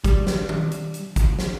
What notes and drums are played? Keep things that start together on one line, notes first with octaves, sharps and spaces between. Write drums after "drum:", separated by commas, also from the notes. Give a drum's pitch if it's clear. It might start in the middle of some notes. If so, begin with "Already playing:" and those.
G3, drum: kick G#1, hi-hat
drum: snare
drum: tom D#3
drum: hi-hat
drum: hi-hat
drum: kick G#1, hi-hat
drum: snare